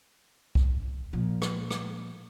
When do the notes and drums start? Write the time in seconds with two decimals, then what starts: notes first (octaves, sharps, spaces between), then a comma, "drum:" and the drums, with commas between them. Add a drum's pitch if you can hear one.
0.55 drum: kick
1.13 A#2 F3
1.42 drum: rim click
1.71 drum: rim click